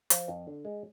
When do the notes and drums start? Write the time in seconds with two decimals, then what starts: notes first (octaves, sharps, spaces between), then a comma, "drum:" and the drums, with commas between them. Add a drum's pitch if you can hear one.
0.10 F3, drum: hi-hat
0.28 F2
0.47 D3
0.65 G#3